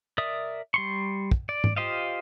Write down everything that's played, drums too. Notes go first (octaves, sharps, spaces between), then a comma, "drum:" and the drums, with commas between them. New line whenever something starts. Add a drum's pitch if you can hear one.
A#4 D5 E5 D#6
G3 C6 C#6
drum: kick
D5
drum: tom G#2
F4 G4 C5 D#5 F5